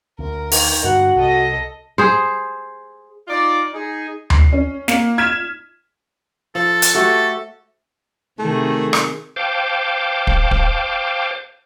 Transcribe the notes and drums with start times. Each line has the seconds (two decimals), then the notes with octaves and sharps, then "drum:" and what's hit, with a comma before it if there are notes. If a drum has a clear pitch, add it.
0.19 D2 A#4
0.52 D#3, drum: open hi-hat
0.84 G2 D3 F#4 F#5
1.15 C2 A4 D#5
1.98 G#4 C5
3.28 D#4 F4 D5
3.73 D#4 G#4
4.30 C7, drum: tom D2
4.53 C#4
4.88 A#3, drum: snare
5.18 F6 G#6 B6 D#7 E7
6.55 F3 A4
6.82 drum: hi-hat
6.94 A3 F#4 G4 A4
8.39 C3 D#3 A3 G#4
8.93 drum: rim click
9.36 C5 F5 G5 A5 D6
10.27 drum: kick
10.51 drum: kick